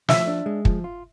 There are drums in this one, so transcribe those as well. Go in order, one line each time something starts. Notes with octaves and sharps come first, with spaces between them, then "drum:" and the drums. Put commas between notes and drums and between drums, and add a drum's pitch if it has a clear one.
F3 E5, drum: snare
D4
G#3
F3, drum: kick
F4